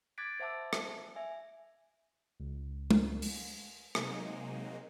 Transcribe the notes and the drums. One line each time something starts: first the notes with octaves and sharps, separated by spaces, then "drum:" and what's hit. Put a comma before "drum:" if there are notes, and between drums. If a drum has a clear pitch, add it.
D6 F#6 G#6 A6 B6 D7
C5 E5 F#5 A5 D6 E6
drum: rim click
E5 G#5
C#2
drum: tom G#3
drum: open hi-hat
C3 F#3 G#3 A#3 D#4, drum: rim click